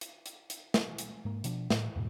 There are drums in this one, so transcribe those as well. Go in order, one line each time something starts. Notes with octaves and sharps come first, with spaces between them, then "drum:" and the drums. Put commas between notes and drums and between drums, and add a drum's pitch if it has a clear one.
drum: hi-hat
drum: hi-hat
drum: hi-hat
drum: snare
drum: hi-hat
G#2 A#3
B2 F3 D4, drum: hi-hat
A2, drum: snare
E2 G#2 B2